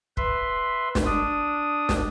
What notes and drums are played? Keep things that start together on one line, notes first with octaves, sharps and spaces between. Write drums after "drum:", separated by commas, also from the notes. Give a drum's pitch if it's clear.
B4 E5 C6, drum: kick
drum: snare
D4 D#6
drum: snare